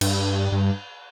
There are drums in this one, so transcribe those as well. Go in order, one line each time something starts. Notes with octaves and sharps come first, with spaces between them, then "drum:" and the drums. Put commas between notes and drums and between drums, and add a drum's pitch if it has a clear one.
G2, drum: cymbal
G2